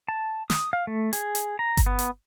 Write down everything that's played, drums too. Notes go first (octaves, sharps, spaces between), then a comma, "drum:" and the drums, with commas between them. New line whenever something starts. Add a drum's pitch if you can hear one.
A5
D#6, drum: snare
F5
A3
G#4, drum: hi-hat
drum: hi-hat
A#5
drum: kick G1, hi-hat
B3
drum: hi-hat